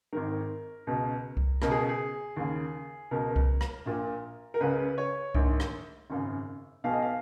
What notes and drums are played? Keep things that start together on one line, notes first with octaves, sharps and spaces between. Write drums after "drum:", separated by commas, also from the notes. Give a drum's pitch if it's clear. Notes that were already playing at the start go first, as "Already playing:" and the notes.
G#1 G#2 D#3 A#4
C#2 B2
drum: kick C2
C#2 B2 A#4, drum: rim click
G#4
G#4
D#2 C#3
C#2 B2 A#4
drum: kick C2
drum: rim click
A#1 A#2
A#4
C#2 C#3 B4
C#5
A#1 G#2 D#3, drum: kick C2
drum: rim click
G#1 F#2 C#3
B1 B2 F5
D#5
F5